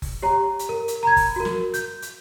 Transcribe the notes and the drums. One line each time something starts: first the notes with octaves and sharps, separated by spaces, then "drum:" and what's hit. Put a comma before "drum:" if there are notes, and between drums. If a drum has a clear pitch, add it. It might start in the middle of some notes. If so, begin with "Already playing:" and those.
drum: kick F#1, open hi-hat
G4 C#5 A#5
drum: hi-hat
A#4
drum: hi-hat
A#5 B5 G#6
drum: kick F#1, open hi-hat
F#4 A#4
drum: snare
G6, drum: hi-hat
drum: hi-hat